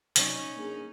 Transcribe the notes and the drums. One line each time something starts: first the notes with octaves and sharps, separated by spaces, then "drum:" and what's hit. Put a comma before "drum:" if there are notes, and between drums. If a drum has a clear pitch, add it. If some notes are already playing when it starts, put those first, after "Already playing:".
C3 F#3 C#4 D#4 D5, drum: hi-hat
A#3 D4 G#4